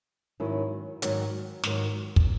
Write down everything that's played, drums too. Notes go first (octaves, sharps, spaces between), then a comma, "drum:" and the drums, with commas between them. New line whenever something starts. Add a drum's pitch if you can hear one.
G#2 D#3 F#3 C#4 E4
G#2 D#3 F#3, drum: hi-hat
G#2 D#3 F#3, drum: snare
drum: kick